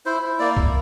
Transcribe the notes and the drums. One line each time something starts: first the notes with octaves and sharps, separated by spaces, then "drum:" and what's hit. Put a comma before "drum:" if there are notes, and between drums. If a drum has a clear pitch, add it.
E4 C5
E4
A#3 D5
E4, drum: kick C2